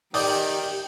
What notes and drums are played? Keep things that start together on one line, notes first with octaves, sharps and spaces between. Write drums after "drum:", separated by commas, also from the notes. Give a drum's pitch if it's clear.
D#3 G4 D5 G5 D6 D#6, drum: open hi-hat